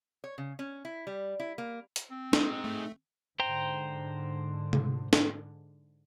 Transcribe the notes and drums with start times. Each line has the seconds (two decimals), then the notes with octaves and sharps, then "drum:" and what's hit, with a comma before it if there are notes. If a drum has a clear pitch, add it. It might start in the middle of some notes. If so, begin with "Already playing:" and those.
0.24 C#5
0.38 C#3
0.59 C#4
0.85 E4
1.07 G3
1.40 E4
1.58 A#3
1.96 drum: hi-hat
2.11 C4
2.33 G#3 D#4, drum: snare
2.64 A3
3.40 G#2 D3 C5 G5 A#5
4.73 drum: tom C3
5.13 drum: snare